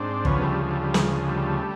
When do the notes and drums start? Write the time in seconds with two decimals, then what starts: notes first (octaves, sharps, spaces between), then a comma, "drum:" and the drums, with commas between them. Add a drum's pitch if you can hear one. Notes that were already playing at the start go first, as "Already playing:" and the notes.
Already playing: G#2 C4 D4
0.25 D2 C#3 F3 B3 C#4, drum: kick
0.42 G3 A3
0.60 G#3
0.71 G3 A3
0.82 G3
0.94 G#3, drum: snare
1.28 G3 A3